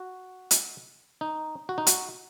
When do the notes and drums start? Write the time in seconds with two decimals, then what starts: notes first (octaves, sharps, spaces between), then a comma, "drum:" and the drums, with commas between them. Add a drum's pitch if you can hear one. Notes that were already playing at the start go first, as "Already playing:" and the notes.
Already playing: F#4
0.51 drum: hi-hat
1.21 D#4
1.69 F#4
1.78 D#4
1.87 F#4, drum: hi-hat